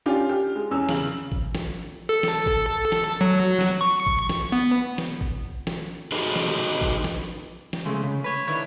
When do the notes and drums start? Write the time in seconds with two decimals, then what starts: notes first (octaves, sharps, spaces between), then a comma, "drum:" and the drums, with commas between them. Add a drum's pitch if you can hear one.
0.06 C#4 D4 F4 G4
0.29 G4 F6
0.56 G#3
0.71 E2 C#4 E6
0.89 C#3 F#7, drum: snare
1.32 drum: kick G#1
1.55 drum: snare
2.09 A4
2.23 drum: snare
2.46 drum: kick G#1
2.92 drum: snare
3.21 F#3
3.61 drum: snare
3.81 C#6
4.07 drum: kick G#1
4.29 drum: snare
4.52 B3
4.98 drum: snare
5.21 drum: kick G#1
5.67 drum: snare
6.12 D#4 F#4 G#4 A4 B4
6.36 drum: snare
6.81 drum: kick G#1
7.04 drum: snare
7.73 drum: snare
7.86 C#3 G#3 A3
8.04 C#3
8.24 B4 C#5
8.47 D3 D#3 E4 C#5